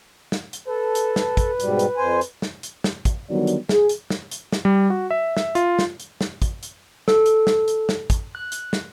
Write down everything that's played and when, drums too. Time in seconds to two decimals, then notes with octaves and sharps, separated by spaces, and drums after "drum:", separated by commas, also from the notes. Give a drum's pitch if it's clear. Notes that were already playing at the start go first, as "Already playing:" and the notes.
0.32 drum: snare
0.53 drum: hi-hat
0.68 A4 B4
0.95 drum: hi-hat
1.16 drum: snare
1.37 drum: kick, hi-hat
1.60 G#2 B2 G3, drum: hi-hat
1.79 drum: hi-hat
1.97 F2 C5 G#5
2.21 drum: hi-hat
2.42 drum: snare
2.63 drum: hi-hat
2.84 drum: snare
3.05 drum: kick, hi-hat
3.30 D3 D#3 F#3 G3 B3 D5
3.47 drum: hi-hat
3.69 G#4, drum: snare
3.89 drum: hi-hat
4.10 drum: snare
4.31 drum: hi-hat
4.52 drum: snare
4.65 G3
4.90 F#4
5.11 E5
5.37 E5, drum: snare
5.55 F4, drum: hi-hat
5.79 drum: snare
6.00 drum: hi-hat
6.21 drum: snare
6.42 drum: kick, hi-hat
6.63 drum: hi-hat
7.08 A4, drum: snare
7.26 drum: hi-hat
7.47 drum: snare
7.68 drum: hi-hat
7.89 drum: snare
8.10 drum: kick, hi-hat
8.35 F#6
8.52 drum: hi-hat
8.73 drum: snare